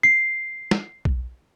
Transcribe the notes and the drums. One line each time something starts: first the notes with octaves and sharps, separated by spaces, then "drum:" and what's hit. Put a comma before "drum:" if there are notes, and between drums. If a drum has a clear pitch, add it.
C7
drum: snare
drum: kick B1